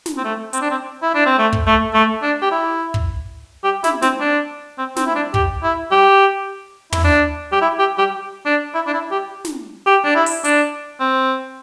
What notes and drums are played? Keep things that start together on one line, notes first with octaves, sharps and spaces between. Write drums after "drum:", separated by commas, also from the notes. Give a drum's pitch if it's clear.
drum: snare
C4
A3
C4, drum: hi-hat
D4
C4
E4
D4
C4
A3
drum: kick
A3
A3
D4
G4
E4
drum: kick
G4
E4, drum: snare
C4, drum: snare
D4
C4
C4, drum: snare
E4
D4
G4, drum: kick
E4
G4
E4, drum: tom
D4
G4
E4
G4
G4
D4
E4
D4
E4
G4
drum: snare
G4
D4
E4
drum: open hi-hat
D4, drum: hi-hat
C4